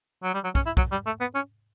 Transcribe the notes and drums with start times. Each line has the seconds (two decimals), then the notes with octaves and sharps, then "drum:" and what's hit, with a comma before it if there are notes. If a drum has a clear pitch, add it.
0.23 F#3
0.34 G3
0.44 F#3
0.55 C#4, drum: kick
0.66 E4
0.77 F#3, drum: kick
0.91 G3
1.06 A3
1.20 B3
1.35 C#4